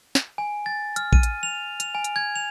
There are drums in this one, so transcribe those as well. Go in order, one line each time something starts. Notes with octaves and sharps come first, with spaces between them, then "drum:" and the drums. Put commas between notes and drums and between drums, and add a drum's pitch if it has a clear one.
drum: snare
G#5
A6
F6, drum: hi-hat
D#7, drum: kick
drum: hi-hat
F7
F7, drum: hi-hat
G#5
drum: hi-hat
G#6
F7